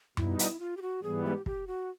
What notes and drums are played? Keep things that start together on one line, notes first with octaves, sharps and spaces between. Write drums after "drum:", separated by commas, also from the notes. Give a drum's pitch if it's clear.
B2 G3 B3 D#4 E4, drum: tom F#2
E4, drum: hi-hat
F4
G4
F#4
G#2 E3 G3 B3 G#4
G4
G4, drum: kick
F#4